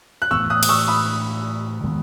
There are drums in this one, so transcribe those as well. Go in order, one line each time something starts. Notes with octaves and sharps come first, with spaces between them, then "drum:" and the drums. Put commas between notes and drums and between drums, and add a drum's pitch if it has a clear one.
F#6
A2 E3 B3 C#6 E6
D#6 F#6
D#6, drum: cymbal
C#6 E6
B5 D#6
D#3 G#3 B3